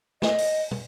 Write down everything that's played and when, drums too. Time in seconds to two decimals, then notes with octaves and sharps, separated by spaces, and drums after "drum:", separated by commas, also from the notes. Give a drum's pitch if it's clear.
0.22 D#5, drum: snare
0.38 drum: open hi-hat
0.71 drum: tom